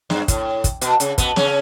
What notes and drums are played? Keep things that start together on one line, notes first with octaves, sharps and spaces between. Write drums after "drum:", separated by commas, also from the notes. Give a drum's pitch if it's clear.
G2, drum: snare
A2, drum: kick, hi-hat
drum: kick, hi-hat
B2, drum: hi-hat
C#3, drum: hi-hat
B2 B3, drum: kick, hi-hat
C#3 C#4, drum: snare